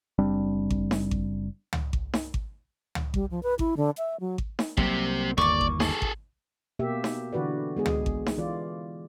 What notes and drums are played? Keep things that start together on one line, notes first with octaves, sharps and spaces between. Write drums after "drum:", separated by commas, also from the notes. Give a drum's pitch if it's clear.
F#1 G3 C4 D4
drum: kick G#1
drum: snare D#4
drum: kick G#1
drum: tom
drum: kick G#1
drum: snare D#4
drum: kick G#1
drum: tom
G3, drum: kick G#1
F3
B4
E4, drum: kick G#1
D3
E5
F#3
drum: kick G#1
drum: snare D#4
C2 F#3 A#3 C4 G4, drum: kick G#1
G1 D#2 A#3 D5 C#6 D6
drum: kick G#1
G#4 A4, drum: snare D#4
drum: kick G#1
B2 A#3 G4 E5
drum: snare D#4
D3 E3 F#4 B4 D5
G#3 B3 G#4
drum: tom
drum: kick G#1
drum: snare D#4
E3 F4 D5